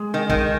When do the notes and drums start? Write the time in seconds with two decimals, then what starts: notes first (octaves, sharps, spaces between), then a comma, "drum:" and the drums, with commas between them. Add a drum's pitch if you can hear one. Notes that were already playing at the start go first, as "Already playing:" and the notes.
Already playing: G#3 G#4
0.14 D#3
0.30 D#3, drum: kick A#1